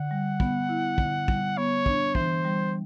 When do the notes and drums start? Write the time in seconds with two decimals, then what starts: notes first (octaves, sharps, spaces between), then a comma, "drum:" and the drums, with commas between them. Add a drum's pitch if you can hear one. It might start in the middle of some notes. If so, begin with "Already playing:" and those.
Already playing: D3 F#5
0.11 G3
0.40 B3, drum: kick
0.69 E4
0.98 D3, drum: kick
1.28 G3, drum: kick
1.57 B3 C#5
1.86 D4, drum: kick
2.15 E3 C5, drum: kick
2.44 G3